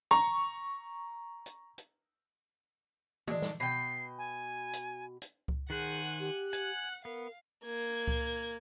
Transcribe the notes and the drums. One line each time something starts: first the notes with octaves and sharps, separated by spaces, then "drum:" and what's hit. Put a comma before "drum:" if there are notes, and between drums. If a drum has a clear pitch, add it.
A#5 C#6, drum: rim click
drum: hi-hat
drum: hi-hat
G#3 D4, drum: tom D#3
drum: snare
B2 G5 C7
G#5
drum: hi-hat
drum: hi-hat
drum: kick C#2
D#3 G#4 C5 F#5 G#5 F#6
G4
F#5 G#5, drum: hi-hat
B3 A#4 F5
A#3 G#6
drum: kick C#2